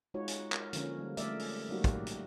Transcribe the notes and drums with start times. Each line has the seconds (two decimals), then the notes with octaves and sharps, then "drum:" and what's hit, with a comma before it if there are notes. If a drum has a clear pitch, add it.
0.14 G#3 D#4 F4 F#4 C#5
0.28 drum: hi-hat
0.52 A#4, drum: clap
0.73 D3 F3 A#3 C#4, drum: hi-hat
0.98 G3 A#3
1.17 G#3 A3 A#4 D5 E5, drum: hi-hat
1.39 drum: open hi-hat
1.69 F#3 G3 A#3 D#4 F#4 G4
1.84 drum: kick, hi-hat
2.07 drum: hi-hat